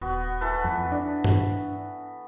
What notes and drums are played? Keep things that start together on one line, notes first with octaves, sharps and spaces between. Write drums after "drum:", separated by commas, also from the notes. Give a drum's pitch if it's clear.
D#1 B3 F#4
E3 A4 B4
F2
D4
drum: tom G2